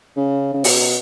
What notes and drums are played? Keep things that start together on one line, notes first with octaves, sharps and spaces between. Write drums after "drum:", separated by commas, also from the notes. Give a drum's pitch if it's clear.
C#3
C#3
B2, drum: open hi-hat